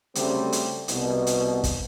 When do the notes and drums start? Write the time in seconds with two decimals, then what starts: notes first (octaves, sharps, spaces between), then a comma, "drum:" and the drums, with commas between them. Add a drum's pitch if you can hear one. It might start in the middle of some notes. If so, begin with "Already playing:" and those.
0.15 C#3 F#3 G3 A3 C4, drum: hi-hat
0.52 drum: hi-hat
0.88 C2 B2, drum: hi-hat
1.27 drum: hi-hat
1.64 drum: kick G#1, hi-hat